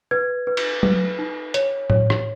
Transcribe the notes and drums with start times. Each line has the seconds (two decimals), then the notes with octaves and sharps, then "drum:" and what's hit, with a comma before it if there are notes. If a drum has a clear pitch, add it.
0.11 B4 G#6
0.47 B4
0.57 drum: cymbal
0.83 B4, drum: tom F#3
1.19 D#4
1.54 C#5, drum: hi-hat
1.90 C#5, drum: tom A2
2.10 drum: rim click